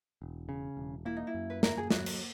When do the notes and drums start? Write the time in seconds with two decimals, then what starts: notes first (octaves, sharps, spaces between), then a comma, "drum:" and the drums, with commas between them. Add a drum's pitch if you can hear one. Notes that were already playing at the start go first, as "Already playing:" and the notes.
0.22 E1
0.49 C#3
0.77 E1
1.05 A#3 E4
1.17 D#4
1.27 E4
1.34 F#2
1.50 B4
1.63 A#3 A#4, drum: snare
1.77 G#4
1.91 F#3 F#4, drum: snare
2.06 drum: cymbal